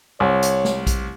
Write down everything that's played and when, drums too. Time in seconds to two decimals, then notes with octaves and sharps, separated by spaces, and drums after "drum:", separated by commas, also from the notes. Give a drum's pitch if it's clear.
0.20 C2 C#5
0.42 drum: hi-hat
0.65 drum: snare
0.87 drum: kick A#1, hi-hat